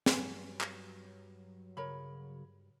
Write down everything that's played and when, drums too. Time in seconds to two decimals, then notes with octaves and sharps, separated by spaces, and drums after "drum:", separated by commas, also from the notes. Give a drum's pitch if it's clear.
0.06 G2 F#3 G#5, drum: snare
0.61 drum: clap
1.77 C#3 A#4 C#5 B5